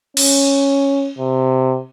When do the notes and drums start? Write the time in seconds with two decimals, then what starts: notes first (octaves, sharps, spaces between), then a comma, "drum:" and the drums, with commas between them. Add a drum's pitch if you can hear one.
0.17 C#4, drum: cymbal
1.18 C3